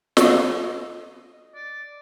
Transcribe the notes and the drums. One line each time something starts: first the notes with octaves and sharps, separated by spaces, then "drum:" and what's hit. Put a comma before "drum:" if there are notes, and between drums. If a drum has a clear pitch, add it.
D#5, drum: snare
D5